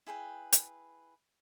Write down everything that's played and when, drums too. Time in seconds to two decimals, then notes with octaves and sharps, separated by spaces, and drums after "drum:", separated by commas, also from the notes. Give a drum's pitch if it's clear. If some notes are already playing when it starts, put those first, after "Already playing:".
0.07 E4 G#4 B4 G5
0.52 drum: hi-hat